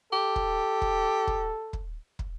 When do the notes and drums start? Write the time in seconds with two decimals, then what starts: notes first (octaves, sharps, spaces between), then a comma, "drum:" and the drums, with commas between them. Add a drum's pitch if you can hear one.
0.13 G4 A4
0.36 drum: kick
0.82 drum: kick
1.27 drum: kick
1.73 drum: kick
2.19 drum: kick